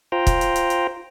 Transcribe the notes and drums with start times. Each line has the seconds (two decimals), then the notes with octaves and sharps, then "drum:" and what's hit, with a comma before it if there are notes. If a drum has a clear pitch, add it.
0.12 F4 C5 G5 A#5
0.27 drum: kick, hi-hat
0.41 drum: hi-hat
0.56 drum: hi-hat
0.70 drum: hi-hat